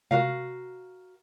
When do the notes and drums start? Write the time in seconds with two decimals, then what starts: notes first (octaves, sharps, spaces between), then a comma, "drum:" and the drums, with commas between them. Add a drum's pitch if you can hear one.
0.11 F#4 A#4 F5, drum: tom C3